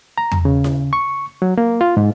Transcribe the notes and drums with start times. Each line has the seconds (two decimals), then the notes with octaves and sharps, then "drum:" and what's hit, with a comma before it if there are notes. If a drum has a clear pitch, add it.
0.18 A#5
0.32 drum: tom E2
0.45 C#3
0.64 drum: snare E4
0.93 C#6
1.42 F#3
1.58 A#3
1.81 F4
1.97 G#2